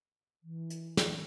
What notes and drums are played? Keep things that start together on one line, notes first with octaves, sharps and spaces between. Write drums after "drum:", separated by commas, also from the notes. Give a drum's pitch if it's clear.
E3
drum: hi-hat
drum: snare